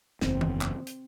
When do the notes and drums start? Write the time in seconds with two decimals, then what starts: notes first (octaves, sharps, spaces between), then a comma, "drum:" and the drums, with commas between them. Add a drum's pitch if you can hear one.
0.21 F#1 E2 C4, drum: snare
0.41 drum: tom D#3
0.61 drum: clap
0.87 drum: hi-hat